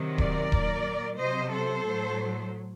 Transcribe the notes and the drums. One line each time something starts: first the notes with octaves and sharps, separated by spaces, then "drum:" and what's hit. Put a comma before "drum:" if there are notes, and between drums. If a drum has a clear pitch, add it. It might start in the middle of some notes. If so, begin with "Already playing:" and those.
Already playing: C3 D#3 F#3
A#4 D5, drum: kick D#1
A#2 F#3, drum: kick D#1
C3 F#3 C5 D#5
A4 C5
A2 F#3